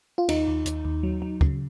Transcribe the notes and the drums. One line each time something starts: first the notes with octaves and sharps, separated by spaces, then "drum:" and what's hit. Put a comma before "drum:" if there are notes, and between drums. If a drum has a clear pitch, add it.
F4
D#2 D#4, drum: cymbal
D#2
D#2, drum: hi-hat
D#2
F#3
F#3
C#3, drum: kick